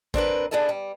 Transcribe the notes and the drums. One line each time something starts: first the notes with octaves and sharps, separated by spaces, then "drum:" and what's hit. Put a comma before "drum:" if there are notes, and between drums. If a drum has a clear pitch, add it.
C4 D4 A#4 B4, drum: kick A1
B3 D4 E4 G#4 A4 E5
G3